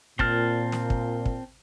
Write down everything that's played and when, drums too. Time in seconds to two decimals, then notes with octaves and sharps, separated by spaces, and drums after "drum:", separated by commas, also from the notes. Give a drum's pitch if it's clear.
0.19 A#2 C4 A5 F6, drum: kick
0.72 drum: snare
0.90 drum: kick
1.26 drum: kick